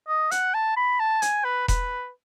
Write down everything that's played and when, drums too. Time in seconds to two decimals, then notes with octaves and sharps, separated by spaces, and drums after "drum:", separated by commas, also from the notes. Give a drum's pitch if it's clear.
0.08 D#5
0.31 F#5, drum: hi-hat
0.54 A5
0.77 B5
1.00 A5
1.22 G#5, drum: hi-hat
1.45 B4
1.68 B4, drum: kick E1, hi-hat